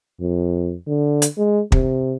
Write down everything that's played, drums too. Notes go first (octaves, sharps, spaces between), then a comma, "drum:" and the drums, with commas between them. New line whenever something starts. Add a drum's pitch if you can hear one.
F2
D3
drum: hi-hat
G#3
C3, drum: kick